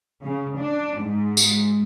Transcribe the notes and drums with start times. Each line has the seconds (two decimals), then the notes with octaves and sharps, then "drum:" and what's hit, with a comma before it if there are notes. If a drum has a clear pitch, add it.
0.24 C#3
0.59 D4
1.01 G#2
1.37 drum: tambourine